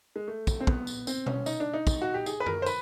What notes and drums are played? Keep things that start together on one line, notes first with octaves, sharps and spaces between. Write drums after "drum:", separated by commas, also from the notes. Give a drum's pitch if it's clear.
G#3
A3
drum: kick, tambourine
C4
B3, drum: kick
drum: tambourine
C4, drum: tambourine
C#4, drum: tom B2
D#4, drum: tambourine
D4
D#4
drum: kick, tambourine
F#4
G4
G#4, drum: tambourine
B4
A#4, drum: tom F#2
C5
B4, drum: tambourine